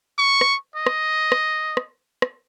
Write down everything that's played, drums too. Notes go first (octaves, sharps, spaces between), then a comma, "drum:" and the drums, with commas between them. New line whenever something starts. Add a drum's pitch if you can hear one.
C#6
drum: rim click
D#5
drum: rim click
drum: rim click
drum: rim click
drum: rim click